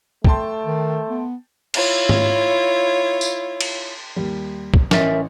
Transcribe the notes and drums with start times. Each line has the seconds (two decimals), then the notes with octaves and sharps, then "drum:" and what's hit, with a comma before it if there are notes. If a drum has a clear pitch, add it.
0.25 A3 G5 A5 C6, drum: kick
0.66 D#3
1.10 B3
1.74 E4 F4 C#5, drum: cymbal
2.09 drum: tom G#2
3.21 drum: tambourine
3.61 drum: cymbal
4.16 D#2 G3
4.74 drum: kick
4.91 A1 C#4 A#4 E5 A6, drum: snare